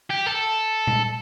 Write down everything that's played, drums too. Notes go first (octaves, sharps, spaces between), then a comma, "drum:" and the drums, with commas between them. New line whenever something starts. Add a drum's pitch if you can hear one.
G4
A4
drum: tom A#2